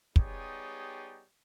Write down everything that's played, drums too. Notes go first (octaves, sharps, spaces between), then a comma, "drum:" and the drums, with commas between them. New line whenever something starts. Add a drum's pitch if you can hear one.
G3 B3 D#4 G4 G#4 C#5, drum: kick